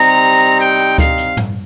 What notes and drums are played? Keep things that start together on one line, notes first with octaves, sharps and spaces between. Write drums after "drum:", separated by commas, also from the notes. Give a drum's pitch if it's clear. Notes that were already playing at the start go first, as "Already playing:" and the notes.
Already playing: C3 G3 C4 D#4 A#5
G5, drum: hi-hat
drum: hi-hat
F5, drum: kick C#2, hi-hat
drum: hi-hat
drum: tom